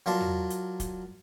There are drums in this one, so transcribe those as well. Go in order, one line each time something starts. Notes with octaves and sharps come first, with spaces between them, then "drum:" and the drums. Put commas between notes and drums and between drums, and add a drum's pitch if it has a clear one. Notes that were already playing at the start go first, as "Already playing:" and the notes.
F#3 F4 A#4 D5 A5 C6
drum: tom E2
drum: hi-hat
drum: kick, hi-hat